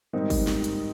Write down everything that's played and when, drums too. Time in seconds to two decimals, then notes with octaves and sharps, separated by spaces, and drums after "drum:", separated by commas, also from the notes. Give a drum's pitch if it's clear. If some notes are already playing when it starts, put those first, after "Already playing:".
0.13 G#2 D#3 G3 C4 D#4
0.30 drum: kick, open hi-hat
0.47 drum: snare
0.64 drum: hi-hat